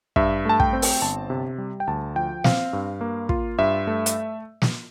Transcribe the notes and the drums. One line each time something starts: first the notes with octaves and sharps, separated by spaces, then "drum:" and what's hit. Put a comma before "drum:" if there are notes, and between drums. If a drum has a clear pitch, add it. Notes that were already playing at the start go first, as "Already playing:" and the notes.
G2 E5, drum: kick
A3 A5
G5, drum: kick
C4
drum: open hi-hat
G1 A5
C3
G3
G5
D2 A5
F3 G5
C4 F5, drum: snare
G2
A#3
F4, drum: kick
G2 E5
A3
drum: hi-hat
drum: snare